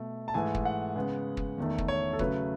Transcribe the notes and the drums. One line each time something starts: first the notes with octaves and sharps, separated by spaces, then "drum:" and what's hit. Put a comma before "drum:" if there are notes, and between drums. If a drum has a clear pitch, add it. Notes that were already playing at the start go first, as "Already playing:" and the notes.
Already playing: B2 A3
A5
G#2 E3 A3 G#5
drum: kick
F#5
C#3 G#3 B3
drum: kick
E2 D#3 A3
drum: kick
C#5
A4
C#3 F#3 A3 B4, drum: kick